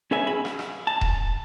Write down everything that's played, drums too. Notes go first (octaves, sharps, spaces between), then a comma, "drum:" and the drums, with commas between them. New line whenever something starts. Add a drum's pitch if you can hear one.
C#4 G#4 B4 C#5 E5 G#5
B5
drum: rim click
drum: rim click
A5
drum: kick D#1